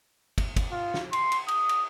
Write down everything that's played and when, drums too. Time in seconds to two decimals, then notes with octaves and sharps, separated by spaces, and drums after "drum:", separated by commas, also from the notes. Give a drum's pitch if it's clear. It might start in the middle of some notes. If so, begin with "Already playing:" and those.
0.38 drum: kick, cymbal
0.56 drum: kick, cymbal
0.72 F4
0.94 drum: snare
1.13 C6, drum: cymbal
1.32 drum: cymbal
1.48 D#6, drum: cymbal
1.69 drum: cymbal